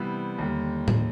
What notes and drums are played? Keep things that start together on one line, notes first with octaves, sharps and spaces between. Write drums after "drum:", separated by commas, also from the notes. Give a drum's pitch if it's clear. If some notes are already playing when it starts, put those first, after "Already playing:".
Already playing: C3 E3 G3 B3
D#2 D3 G3
drum: tom A2